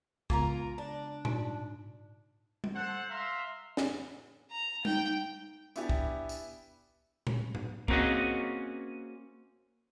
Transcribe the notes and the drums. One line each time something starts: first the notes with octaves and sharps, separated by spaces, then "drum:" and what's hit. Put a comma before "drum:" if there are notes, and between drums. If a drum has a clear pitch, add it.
C#3 G#3 B3 F4 A#4 A#5, drum: kick
D4
G#2 D#4, drum: tom A#2
drum: tom G3
A4 C5 F#5
E5 F5 A#5 C6
drum: snare
A#5
D#4 G5, drum: tom G3
B3 D4 E4 G4 G#5, drum: tambourine
drum: kick
drum: tambourine
drum: tom A#2
drum: tom G#2
A#3 C4 C#4 F#4 G#4 D#5, drum: kick